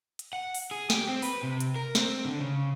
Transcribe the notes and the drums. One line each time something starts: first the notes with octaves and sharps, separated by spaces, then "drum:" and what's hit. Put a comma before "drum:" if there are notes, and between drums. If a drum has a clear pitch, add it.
drum: hi-hat
F#5
drum: open hi-hat
G#4
G4, drum: snare
C4
B4, drum: open hi-hat
C3
drum: hi-hat
A#4
C4, drum: snare
D3
C#3